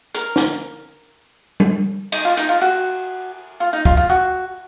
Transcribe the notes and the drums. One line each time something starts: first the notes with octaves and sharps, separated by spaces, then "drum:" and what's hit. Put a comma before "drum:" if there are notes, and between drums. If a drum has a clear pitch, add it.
A#4, drum: hi-hat
drum: snare
drum: tom G3
D#4, drum: cymbal
F4
D#4, drum: hi-hat
F4
F#4
F4
D#4
F4, drum: kick
F4
F#4